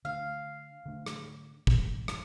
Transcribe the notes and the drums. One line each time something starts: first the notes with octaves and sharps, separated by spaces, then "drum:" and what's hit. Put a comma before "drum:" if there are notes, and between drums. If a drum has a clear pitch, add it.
D3 A3 D4 F5
D3 A3 D4
drum: rim click
F2 E3 G#3, drum: kick
drum: rim click